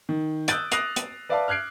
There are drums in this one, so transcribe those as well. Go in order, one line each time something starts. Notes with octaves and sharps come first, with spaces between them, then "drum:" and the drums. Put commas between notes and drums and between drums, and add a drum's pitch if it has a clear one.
D#3
D#6 E6 F#6 G6 A6 D7, drum: hi-hat
D#6 F#6 A#6 C7 F7, drum: hi-hat
drum: hi-hat
B4 D5 E5 F5 A5 D6
F6 F#6 G#6 C7 D7